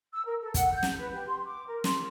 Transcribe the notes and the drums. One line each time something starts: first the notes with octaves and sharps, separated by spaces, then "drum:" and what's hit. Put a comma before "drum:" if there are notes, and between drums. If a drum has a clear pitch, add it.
E6
A#4
A4
F#5, drum: kick, hi-hat
G6
drum: snare
B4
G4
C6
D6
A#4
C6, drum: snare